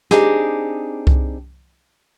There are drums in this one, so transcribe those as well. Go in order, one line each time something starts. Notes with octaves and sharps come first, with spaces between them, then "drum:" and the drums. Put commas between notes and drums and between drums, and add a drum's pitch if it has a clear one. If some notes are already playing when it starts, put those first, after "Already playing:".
C4 D4 D#4 G4 G#4, drum: snare
drum: kick C2